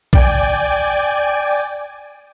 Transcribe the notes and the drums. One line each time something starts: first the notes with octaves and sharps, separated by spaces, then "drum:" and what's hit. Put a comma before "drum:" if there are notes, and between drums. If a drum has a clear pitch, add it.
D5 G5 G#5, drum: kick